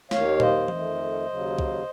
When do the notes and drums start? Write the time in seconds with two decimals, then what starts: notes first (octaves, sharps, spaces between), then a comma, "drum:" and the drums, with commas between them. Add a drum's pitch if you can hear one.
0.11 D#2 D#3 A#3 C#5 F5, drum: snare
0.40 C5 D#5, drum: tom A#2
0.68 F2 D#3 A3, drum: tom E3
1.26 D#2 C#3 F#3
1.59 drum: kick